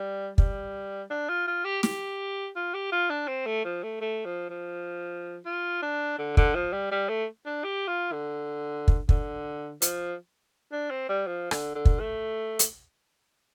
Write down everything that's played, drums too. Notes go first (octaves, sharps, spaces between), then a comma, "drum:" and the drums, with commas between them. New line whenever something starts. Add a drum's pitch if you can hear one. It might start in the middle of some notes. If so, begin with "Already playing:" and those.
Already playing: G3
G3, drum: kick
D4
F4
F4
G4
G4, drum: snare
F4
G4
F4
D4
C4
A3
F3
A3
A3
F3
F3
F4
D4
D3
D3, drum: kick
F3
G3
G3
A3
D4
G4
F4
D3
drum: kick
D3, drum: kick
F3, drum: hi-hat
D4
C4
G3
F3
D3, drum: rim click
D3
drum: kick
A3
drum: hi-hat